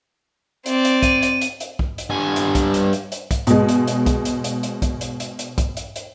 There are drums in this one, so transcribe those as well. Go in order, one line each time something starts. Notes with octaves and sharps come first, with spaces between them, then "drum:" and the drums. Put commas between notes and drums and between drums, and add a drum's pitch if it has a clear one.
C4 D5, drum: hi-hat
drum: hi-hat
D#7, drum: kick, hi-hat
drum: hi-hat
drum: hi-hat
drum: hi-hat
drum: kick
drum: hi-hat
G2 G#5
drum: hi-hat
drum: kick, hi-hat
drum: hi-hat
drum: hi-hat
drum: hi-hat
drum: kick, hi-hat
B2 G#3, drum: hi-hat
drum: hi-hat
drum: hi-hat
drum: kick, hi-hat
drum: hi-hat
drum: hi-hat
drum: hi-hat
drum: kick, hi-hat
drum: hi-hat
drum: hi-hat
drum: hi-hat
drum: kick, hi-hat
drum: hi-hat
drum: hi-hat